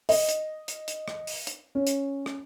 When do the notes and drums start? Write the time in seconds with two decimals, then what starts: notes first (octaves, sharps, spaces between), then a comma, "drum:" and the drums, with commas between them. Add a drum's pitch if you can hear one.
0.09 D#5, drum: open hi-hat
0.29 drum: hi-hat
0.68 drum: hi-hat
0.88 drum: hi-hat
1.08 drum: rim click
1.27 drum: open hi-hat
1.47 drum: hi-hat
1.75 C#4
1.87 drum: hi-hat
2.26 drum: rim click